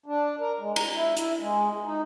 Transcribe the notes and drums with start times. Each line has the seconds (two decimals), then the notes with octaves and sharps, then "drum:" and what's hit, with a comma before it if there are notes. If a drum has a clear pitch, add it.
0.06 D4
0.40 A#4
0.60 G#3
0.76 A#5, drum: cymbal
0.94 E4
1.17 E4, drum: hi-hat
1.40 G#3
1.83 D#4